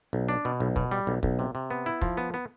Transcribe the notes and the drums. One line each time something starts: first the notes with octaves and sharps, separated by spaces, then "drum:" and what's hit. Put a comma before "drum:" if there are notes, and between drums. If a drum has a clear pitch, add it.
B1
D4
B2
B1
B2, drum: kick
G3
B1
B1, drum: kick
C3
C3
B3
E4
F3, drum: kick
B3
B3